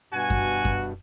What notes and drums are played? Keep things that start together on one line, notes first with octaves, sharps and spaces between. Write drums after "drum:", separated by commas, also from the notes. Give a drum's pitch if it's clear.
G2 B2 F#4 G#5
drum: kick F#2
drum: kick F#2